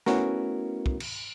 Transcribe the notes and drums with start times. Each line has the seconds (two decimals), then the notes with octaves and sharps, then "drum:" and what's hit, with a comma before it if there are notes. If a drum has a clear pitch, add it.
0.06 A3 B3 C#4 E4 F#4 A#4, drum: snare
0.86 drum: kick
1.00 drum: cymbal